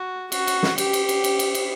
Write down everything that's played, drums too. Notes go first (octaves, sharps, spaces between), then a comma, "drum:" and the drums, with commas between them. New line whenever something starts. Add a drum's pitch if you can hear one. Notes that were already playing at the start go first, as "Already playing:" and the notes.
Already playing: F#4
F#4, drum: cymbal
drum: cymbal
drum: snare
G4, drum: cymbal
drum: cymbal
drum: cymbal
drum: cymbal
drum: cymbal
drum: cymbal